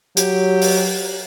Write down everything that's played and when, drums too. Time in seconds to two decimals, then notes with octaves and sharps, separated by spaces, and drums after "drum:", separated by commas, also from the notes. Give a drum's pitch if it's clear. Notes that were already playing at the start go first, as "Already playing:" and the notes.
0.17 F#3 G4, drum: hi-hat
0.62 drum: open hi-hat